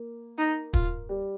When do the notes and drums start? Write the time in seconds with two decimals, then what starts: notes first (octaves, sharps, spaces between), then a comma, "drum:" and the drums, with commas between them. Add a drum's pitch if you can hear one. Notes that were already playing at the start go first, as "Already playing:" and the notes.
Already playing: A#3
0.38 D#4
0.73 F4, drum: kick
1.09 G3